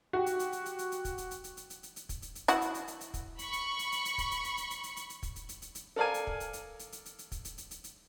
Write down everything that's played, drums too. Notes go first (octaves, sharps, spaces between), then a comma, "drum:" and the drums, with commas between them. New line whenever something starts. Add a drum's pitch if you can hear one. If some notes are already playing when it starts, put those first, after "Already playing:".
F#4 G4
drum: hi-hat
drum: hi-hat
drum: hi-hat
drum: hi-hat
drum: hi-hat
drum: hi-hat
drum: kick, hi-hat
drum: hi-hat
drum: hi-hat
drum: hi-hat
drum: hi-hat
drum: hi-hat
drum: hi-hat
drum: hi-hat
drum: kick, hi-hat
drum: hi-hat
drum: hi-hat
E4 F#4, drum: hi-hat
drum: hi-hat
drum: hi-hat
drum: hi-hat
drum: hi-hat
drum: kick, hi-hat
B5 C#6, drum: hi-hat
drum: hi-hat
drum: hi-hat
drum: hi-hat
drum: hi-hat
drum: kick, hi-hat
drum: hi-hat
drum: hi-hat
drum: hi-hat
drum: hi-hat
drum: hi-hat
drum: hi-hat
drum: hi-hat
drum: kick, hi-hat
drum: hi-hat
drum: hi-hat
drum: hi-hat
drum: hi-hat
A4 A#4 D5 F5 G#5
drum: hi-hat
drum: kick
drum: hi-hat
drum: hi-hat
drum: hi-hat
drum: hi-hat
drum: hi-hat
drum: hi-hat
drum: kick, hi-hat
drum: hi-hat
drum: hi-hat
drum: hi-hat
drum: hi-hat